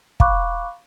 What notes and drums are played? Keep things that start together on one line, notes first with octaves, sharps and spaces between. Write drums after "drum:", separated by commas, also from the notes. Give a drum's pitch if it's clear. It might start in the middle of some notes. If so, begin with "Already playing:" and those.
F5 A#5 B5 C#6 D6 F#6, drum: kick